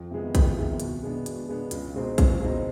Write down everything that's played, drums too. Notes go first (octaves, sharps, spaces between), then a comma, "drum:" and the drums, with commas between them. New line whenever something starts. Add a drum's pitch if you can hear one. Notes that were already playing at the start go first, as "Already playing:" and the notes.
Already playing: F2
C3 D#3 G#3 B3
F2, drum: kick, hi-hat
C3 D#3 G#3 B3
B2, drum: hi-hat
G#3 B3 D4
B2, drum: hi-hat
G#3 B3 D4
C#2, drum: hi-hat
B2 G#3 C4 D#4
C#2, drum: kick, hi-hat
B2 G#3 C4 D#4